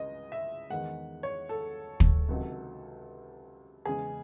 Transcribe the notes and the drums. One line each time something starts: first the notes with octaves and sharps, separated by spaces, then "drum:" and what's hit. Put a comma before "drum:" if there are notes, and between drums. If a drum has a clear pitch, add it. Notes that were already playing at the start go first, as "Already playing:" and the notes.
Already playing: C#2 C#3 G#3 D#5
E5
E2 D#3 G#3 F#5
C#5
A4
drum: kick
C#2 C3 D#3 F#3
E2 C#3 G#3 G#4